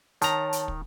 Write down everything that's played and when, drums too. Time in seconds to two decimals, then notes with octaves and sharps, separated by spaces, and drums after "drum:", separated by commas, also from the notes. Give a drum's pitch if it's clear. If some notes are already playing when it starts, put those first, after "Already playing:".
0.22 D#3 C#5 A5 A#5, drum: hi-hat
0.53 drum: hi-hat
0.68 drum: kick